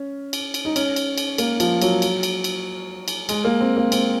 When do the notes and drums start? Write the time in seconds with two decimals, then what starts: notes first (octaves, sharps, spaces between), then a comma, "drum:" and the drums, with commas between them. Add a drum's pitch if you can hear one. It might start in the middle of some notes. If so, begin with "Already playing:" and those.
Already playing: C#4
0.33 drum: cymbal
0.54 drum: cymbal
0.65 D#4
0.76 C#4, drum: cymbal
0.96 drum: cymbal
1.18 drum: cymbal
1.38 A#3, drum: cymbal
1.60 F3, drum: cymbal
1.81 F#3, drum: cymbal
2.02 drum: cymbal
2.23 drum: cymbal
2.44 drum: cymbal
3.08 drum: cymbal
3.29 G#3, drum: cymbal
3.45 A#3
3.60 C4
3.77 A#3
3.92 C4, drum: cymbal